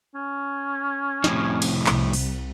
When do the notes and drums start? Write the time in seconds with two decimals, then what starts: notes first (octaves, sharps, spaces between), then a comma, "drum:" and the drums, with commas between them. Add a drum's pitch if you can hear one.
0.15 C#4
1.24 F2 A2 C3, drum: snare
1.62 drum: cymbal
1.86 C2, drum: clap
2.13 drum: open hi-hat